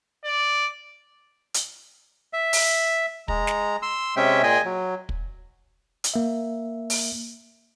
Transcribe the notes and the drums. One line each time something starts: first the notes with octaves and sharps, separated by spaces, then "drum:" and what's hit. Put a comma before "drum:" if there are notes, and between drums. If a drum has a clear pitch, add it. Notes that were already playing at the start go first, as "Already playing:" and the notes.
D5
drum: hi-hat
E5
drum: open hi-hat
G#3 A#5, drum: kick
drum: snare
C6 E6
C3 G#3 C#4 E5 G5
A#2 G#4 D#5 G5 G#5
F#3
drum: kick
drum: hi-hat
A#3 E5
drum: open hi-hat